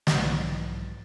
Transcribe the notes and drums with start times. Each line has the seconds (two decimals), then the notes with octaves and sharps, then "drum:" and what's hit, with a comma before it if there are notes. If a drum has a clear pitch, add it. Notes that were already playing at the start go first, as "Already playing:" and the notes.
0.07 B1 G#2 E3 F#3 A6, drum: snare